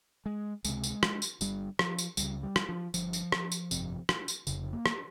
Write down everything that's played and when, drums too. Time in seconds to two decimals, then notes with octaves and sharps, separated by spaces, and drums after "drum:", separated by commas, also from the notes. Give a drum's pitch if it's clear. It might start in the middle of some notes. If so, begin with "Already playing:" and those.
0.26 G#3
0.64 C#2 C3 G#3, drum: tambourine
0.84 drum: tambourine
1.03 drum: rim click
1.22 drum: tambourine
1.41 G1 G2 G3, drum: tambourine
1.79 F3, drum: rim click
1.98 drum: tambourine
2.17 C#2 C#3 G3, drum: tambourine
2.43 G3
2.56 drum: rim click
2.69 F3
2.94 G1 G2 F3, drum: tambourine
3.13 drum: tambourine
3.32 drum: rim click
3.52 drum: tambourine
3.71 G1 F2 C3, drum: tambourine
4.09 drum: rim click
4.28 drum: tambourine
4.47 F1 F2 C#3, drum: tambourine
4.73 A#3
4.86 drum: rim click